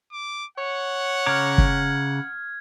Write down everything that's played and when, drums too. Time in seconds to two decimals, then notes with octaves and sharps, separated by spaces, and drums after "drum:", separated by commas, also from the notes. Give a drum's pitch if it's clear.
0.12 D6
0.58 C#5 F#5
1.26 C#3 A#5 D6 F6 G#6
1.58 drum: kick